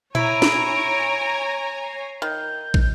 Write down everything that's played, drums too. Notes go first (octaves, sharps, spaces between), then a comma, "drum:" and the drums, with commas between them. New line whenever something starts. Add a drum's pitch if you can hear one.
E4 C#5 G#5 A#5 D7, drum: tom A#2
drum: snare
C7
D#3 G6
drum: kick